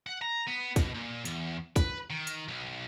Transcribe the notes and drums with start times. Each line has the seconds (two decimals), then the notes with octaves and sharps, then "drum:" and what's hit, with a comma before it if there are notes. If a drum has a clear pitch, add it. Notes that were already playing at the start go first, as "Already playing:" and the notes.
0.07 F#5
0.22 A#5
0.48 B3
0.76 B2, drum: kick, hi-hat
0.94 A#2
1.25 E2, drum: hi-hat
1.76 B4, drum: kick, hi-hat
2.10 D#3
2.27 drum: hi-hat
2.48 B1